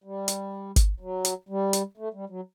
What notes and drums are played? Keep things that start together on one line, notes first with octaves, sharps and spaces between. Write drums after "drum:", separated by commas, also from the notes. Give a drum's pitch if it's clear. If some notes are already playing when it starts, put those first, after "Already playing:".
G3
drum: hi-hat
drum: kick G#1, hi-hat
F#3
drum: hi-hat
G3
drum: hi-hat
A3
G3
F#3